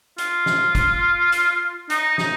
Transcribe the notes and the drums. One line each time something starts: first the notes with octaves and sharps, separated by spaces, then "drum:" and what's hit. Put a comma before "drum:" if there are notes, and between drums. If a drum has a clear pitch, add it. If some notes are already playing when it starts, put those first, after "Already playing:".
F4, drum: hi-hat
drum: snare
drum: kick, hi-hat
drum: hi-hat
D#4, drum: hi-hat
D#4, drum: snare